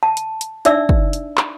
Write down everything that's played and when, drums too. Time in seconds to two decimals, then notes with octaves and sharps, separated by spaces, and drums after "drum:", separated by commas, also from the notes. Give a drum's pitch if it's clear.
0.03 A5
0.17 drum: hi-hat
0.41 drum: hi-hat
0.65 D4 D#4 D5 E5 E6, drum: hi-hat
0.89 drum: kick
1.13 drum: hi-hat
1.37 drum: clap